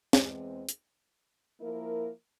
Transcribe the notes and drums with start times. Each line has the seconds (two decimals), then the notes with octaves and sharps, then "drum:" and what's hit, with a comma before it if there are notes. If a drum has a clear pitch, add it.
0.13 E2 E3 G#3 C4, drum: snare
0.69 drum: hi-hat
1.60 F3 A#3 E4 A#4